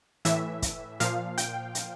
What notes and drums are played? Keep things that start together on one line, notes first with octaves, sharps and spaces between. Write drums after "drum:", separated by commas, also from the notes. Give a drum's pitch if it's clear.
A2 E3 E5, drum: hi-hat
drum: kick, hi-hat
A#2 F3 F5, drum: hi-hat
G5, drum: hi-hat
drum: hi-hat